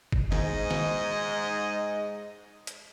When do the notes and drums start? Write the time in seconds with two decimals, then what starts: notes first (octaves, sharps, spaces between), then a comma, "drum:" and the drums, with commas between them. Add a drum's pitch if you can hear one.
0.12 drum: kick G1
0.32 G#2 D#5, drum: snare
0.71 drum: snare
2.67 drum: hi-hat